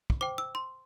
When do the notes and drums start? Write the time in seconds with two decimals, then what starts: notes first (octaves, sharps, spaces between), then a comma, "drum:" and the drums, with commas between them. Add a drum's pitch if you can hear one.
0.10 drum: kick
0.21 C5 G5 D6
0.38 E6
0.55 C6